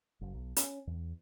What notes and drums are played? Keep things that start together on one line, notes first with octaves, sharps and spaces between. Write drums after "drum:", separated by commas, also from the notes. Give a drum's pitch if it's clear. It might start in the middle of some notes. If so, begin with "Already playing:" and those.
F#1
B1
C#4, drum: hi-hat
E2